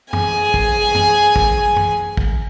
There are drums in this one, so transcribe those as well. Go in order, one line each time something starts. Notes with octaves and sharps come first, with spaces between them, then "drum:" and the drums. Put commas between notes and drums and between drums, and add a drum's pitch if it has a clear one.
G#4 G#5, drum: tom F#2
drum: kick
drum: tom F#2
drum: kick
drum: tom F#2
drum: kick